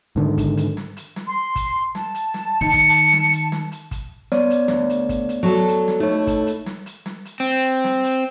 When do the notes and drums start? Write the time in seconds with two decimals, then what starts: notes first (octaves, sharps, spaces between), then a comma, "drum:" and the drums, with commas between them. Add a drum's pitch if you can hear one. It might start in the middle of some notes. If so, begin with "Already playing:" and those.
0.16 G#2 D3 D#3
0.38 drum: kick, hi-hat
0.57 drum: hi-hat
0.77 drum: snare
0.97 drum: hi-hat
1.16 drum: snare
1.27 C6
1.55 drum: kick, hi-hat
1.95 A5, drum: snare
2.14 drum: hi-hat
2.34 drum: snare
2.61 D#3 C#7
2.73 drum: kick, hi-hat
2.93 drum: hi-hat
3.13 drum: snare
3.32 drum: hi-hat
3.52 drum: snare
3.72 drum: hi-hat
3.91 drum: kick, hi-hat
4.32 B3 C#5 D5, drum: snare
4.50 drum: hi-hat
4.68 D2, drum: snare
4.89 drum: hi-hat
5.09 drum: kick, hi-hat
5.29 drum: hi-hat
5.43 F#3 A4
5.68 drum: hi-hat
5.88 drum: snare
6.00 A3 D#4 E4 C#5
6.27 drum: kick, hi-hat
6.47 drum: hi-hat
6.66 drum: snare
6.86 drum: hi-hat
7.06 drum: snare
7.25 drum: hi-hat
7.40 C4
7.65 drum: hi-hat
7.84 drum: snare
8.04 drum: hi-hat